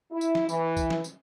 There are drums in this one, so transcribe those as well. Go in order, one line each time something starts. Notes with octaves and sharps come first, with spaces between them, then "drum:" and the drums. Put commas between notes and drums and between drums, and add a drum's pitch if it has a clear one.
E4
drum: tambourine
drum: snare
E3, drum: tambourine
drum: kick B1, tambourine
drum: snare
drum: tambourine